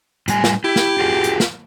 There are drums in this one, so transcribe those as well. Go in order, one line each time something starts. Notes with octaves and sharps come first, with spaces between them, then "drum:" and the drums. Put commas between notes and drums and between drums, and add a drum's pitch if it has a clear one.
A2 G3 G#5, drum: hi-hat
drum: snare
E4 G4
drum: snare
F4 F#4 G#4
drum: hi-hat
drum: snare